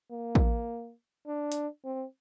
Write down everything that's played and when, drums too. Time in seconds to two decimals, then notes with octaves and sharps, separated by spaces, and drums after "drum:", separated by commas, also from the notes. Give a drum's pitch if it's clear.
0.11 A#3
0.35 drum: kick
1.27 D4
1.52 drum: hi-hat
1.84 C4